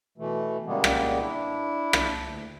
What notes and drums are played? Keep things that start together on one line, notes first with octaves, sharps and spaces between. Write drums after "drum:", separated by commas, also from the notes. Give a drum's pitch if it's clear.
B2 E3 A3
A#2 C#3 G3 G#3 A#3 B3
drum: rim click
D4 E4
drum: rim click
D2